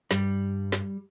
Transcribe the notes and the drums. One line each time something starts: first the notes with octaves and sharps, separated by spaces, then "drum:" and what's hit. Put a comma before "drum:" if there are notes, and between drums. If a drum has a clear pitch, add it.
G2 G3, drum: snare
drum: snare